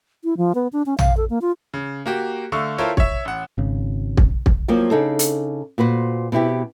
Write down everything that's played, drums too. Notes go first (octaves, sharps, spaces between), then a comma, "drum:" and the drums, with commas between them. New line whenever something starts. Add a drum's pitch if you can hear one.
E4
F3
B3
D4
C#4
F5, drum: tom A#1
A4
A#3
F4
C#3
A#3 F#4 G4
D3 A3 F5 C#6 E6
E4 F4 A4 A#4 C5 C#5
C#5 E5, drum: kick
A1 F#5
G#1 C#3
drum: kick
drum: kick
F2 F3 F#3 A#3
C#3 D4 D#4 G#4 A4
drum: hi-hat
A#2 F#4 B4 C5
B2 C4 E4 G4